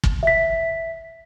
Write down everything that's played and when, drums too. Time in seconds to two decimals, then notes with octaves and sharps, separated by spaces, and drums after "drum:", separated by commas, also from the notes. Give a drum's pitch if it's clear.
0.04 drum: kick
0.23 E5 B6